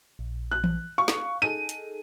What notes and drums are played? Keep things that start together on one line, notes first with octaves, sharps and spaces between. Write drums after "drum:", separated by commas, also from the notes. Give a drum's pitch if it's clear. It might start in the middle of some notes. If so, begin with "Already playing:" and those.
A#1
F#6
drum: tom E3
F5 C#6
drum: snare
D#4 G#4 A4 D#7
drum: hi-hat